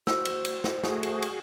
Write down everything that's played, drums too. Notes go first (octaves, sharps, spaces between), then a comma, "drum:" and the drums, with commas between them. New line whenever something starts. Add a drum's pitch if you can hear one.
F#4 C5 E6, drum: snare
drum: cymbal
drum: cymbal
drum: snare
A3 F#4 G#4, drum: snare
drum: cymbal
drum: cymbal